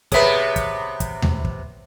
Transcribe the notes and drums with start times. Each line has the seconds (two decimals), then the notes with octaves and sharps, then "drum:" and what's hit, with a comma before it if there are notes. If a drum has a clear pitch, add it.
0.12 C3 B3 G#4 B4 C#5 E5, drum: kick, hi-hat
0.56 drum: kick, hi-hat
1.00 drum: kick, hi-hat
1.22 drum: tom D#2
1.45 drum: kick